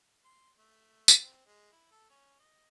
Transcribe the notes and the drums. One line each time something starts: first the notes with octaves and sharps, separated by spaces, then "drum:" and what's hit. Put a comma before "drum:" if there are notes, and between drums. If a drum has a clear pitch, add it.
C6
A3
drum: tambourine
C4
G#3
E4
A4
C#4
D#5